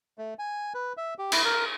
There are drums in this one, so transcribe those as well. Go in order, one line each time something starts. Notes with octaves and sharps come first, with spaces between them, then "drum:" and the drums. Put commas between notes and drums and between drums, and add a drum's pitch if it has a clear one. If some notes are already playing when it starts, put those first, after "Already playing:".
A3
G#5
B4
E5
G4
E4, drum: cymbal
A#4